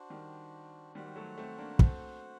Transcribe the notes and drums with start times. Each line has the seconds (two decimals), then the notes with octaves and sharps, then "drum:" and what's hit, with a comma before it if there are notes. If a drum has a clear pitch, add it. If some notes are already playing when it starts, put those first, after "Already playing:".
Already playing: D4 F#4 C5
0.10 D#3 G3
0.95 D#3 G3 F#4 C5 F#5
1.06 G3
1.16 F#3 A3
1.38 A3 C4
1.58 A#3 D4
1.79 A3 C4, drum: kick